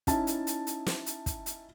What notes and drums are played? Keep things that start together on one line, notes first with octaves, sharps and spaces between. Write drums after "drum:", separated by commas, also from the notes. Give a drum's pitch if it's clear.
C#4 D#4 E4 A5, drum: kick, hi-hat
drum: hi-hat
drum: hi-hat
drum: hi-hat
drum: snare
drum: hi-hat
drum: kick, hi-hat
drum: hi-hat